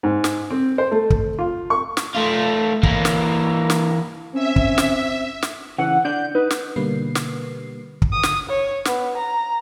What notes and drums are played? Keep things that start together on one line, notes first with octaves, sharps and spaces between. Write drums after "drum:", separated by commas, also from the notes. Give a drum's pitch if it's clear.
G#2
drum: snare
C4
C5
A3
drum: kick
F4
C#6
drum: snare
A3 F4
E3 A#3, drum: kick
drum: snare
drum: snare
C4 C#4 E5
drum: kick
drum: snare
drum: snare
C#3 E3 F#5
D4 D5 F#5 G6
D#4 B4
drum: snare
B2 D3 G3 A#3 B4 C7
drum: snare
drum: kick
D#6
drum: snare
C#5
B3, drum: snare
A#5